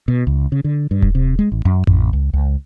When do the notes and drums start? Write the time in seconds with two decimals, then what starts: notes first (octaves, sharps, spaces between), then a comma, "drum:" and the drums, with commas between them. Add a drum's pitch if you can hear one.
0.08 B2
0.27 C#2
0.52 C#3
0.64 D3
0.91 G2
1.02 drum: kick D#1
1.15 C3
1.39 G#3
1.52 A1
1.65 F#2
1.87 A1, drum: tom F2
2.13 C#2
2.33 C#2